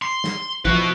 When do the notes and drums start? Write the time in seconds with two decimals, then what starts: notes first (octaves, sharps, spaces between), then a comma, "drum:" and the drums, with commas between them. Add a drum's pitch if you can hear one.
0.02 C6
0.24 drum: snare
0.65 F3 E4 F#4 B4, drum: kick